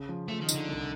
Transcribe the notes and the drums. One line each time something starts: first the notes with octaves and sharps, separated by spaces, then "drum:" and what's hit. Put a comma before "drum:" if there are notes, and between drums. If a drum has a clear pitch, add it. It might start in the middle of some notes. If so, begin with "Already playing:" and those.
Already playing: C#3
F3
F3 A3
D#3
D#4, drum: tambourine
D3
C2